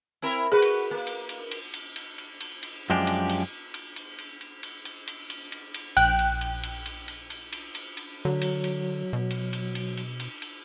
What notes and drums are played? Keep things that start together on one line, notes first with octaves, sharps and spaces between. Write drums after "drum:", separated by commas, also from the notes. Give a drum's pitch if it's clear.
C4 E4 A#4
F#4 G#4 B4
drum: cymbal
A#3
drum: cymbal
drum: cymbal
drum: cymbal
drum: cymbal
drum: cymbal
drum: cymbal
drum: cymbal
drum: cymbal
F#2 F3 G#3 D4 G4
drum: cymbal
drum: cymbal
drum: cymbal
drum: cymbal
drum: cymbal
drum: cymbal
drum: cymbal
drum: cymbal
drum: cymbal
drum: cymbal
drum: cymbal
drum: cymbal
A#1 G5 F#6, drum: cymbal
drum: cymbal
drum: cymbal
drum: cymbal
drum: cymbal
drum: cymbal
drum: cymbal
drum: cymbal
drum: cymbal
drum: cymbal
D3 F#3
drum: cymbal
drum: cymbal
B2
drum: cymbal
drum: cymbal
drum: cymbal
drum: cymbal
drum: cymbal
drum: cymbal